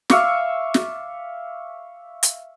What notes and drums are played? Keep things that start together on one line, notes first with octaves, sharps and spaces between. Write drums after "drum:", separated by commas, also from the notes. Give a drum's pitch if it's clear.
E5 F5 C#6 D6, drum: snare
drum: snare
drum: hi-hat